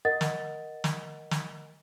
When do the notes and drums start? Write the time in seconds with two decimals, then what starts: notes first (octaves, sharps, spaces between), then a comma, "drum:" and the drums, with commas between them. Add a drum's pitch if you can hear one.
0.05 A#4 D#5 F#5 A6
0.21 drum: snare
0.84 drum: snare
1.31 drum: snare